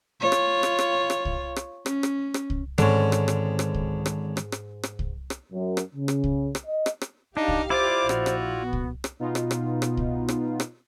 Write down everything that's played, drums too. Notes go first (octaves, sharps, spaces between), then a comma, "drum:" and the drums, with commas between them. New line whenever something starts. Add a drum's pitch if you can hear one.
F4 C#5
drum: rim click
drum: rim click
drum: rim click
drum: rim click
drum: kick C2
drum: rim click
C#4, drum: rim click
drum: rim click
drum: rim click
drum: kick C2
G#2 D3 D#3 G#3 C4 C#4, drum: rim click
drum: rim click
drum: rim click
drum: rim click
drum: kick C2
drum: rim click
drum: rim click
drum: rim click
drum: rim click
drum: kick C2
drum: rim click
F#2
drum: rim click
C#3
drum: rim click
drum: kick C2
drum: rim click
D#5
drum: rim click
drum: rim click
D4 D#4 G4 F5
drum: kick C2
E4 F4 C5 D5 D6
A#1 F#4, drum: rim click
drum: rim click
B3
drum: kick C2
drum: rim click
B2 B3 D#4 F4
drum: rim click
drum: rim click
drum: rim click
drum: kick C2
drum: rim click
drum: rim click